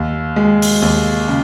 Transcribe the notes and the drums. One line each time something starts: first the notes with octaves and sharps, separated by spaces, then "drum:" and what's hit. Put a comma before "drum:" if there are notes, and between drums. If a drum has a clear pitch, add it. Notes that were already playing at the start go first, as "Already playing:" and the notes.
Already playing: D#2
G#3
drum: open hi-hat
D#2
C#3